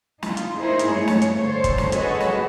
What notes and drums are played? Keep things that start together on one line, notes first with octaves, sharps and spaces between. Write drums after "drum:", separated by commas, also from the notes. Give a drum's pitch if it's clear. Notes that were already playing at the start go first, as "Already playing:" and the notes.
D#4 F4, drum: snare
drum: hi-hat
D#4 E4 G#4 A#4 C5
drum: hi-hat
G2 A3 C#5
drum: snare
drum: hi-hat
D3 A4 C5 C#5
drum: kick, hi-hat
drum: snare
F#4 G#4 A4 B4 C#5 D#5, drum: hi-hat
drum: snare